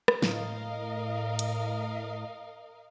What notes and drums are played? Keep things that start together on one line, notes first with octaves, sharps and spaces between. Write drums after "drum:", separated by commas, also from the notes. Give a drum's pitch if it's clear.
drum: rim click
A2 A#4 D#5 F5, drum: snare
drum: hi-hat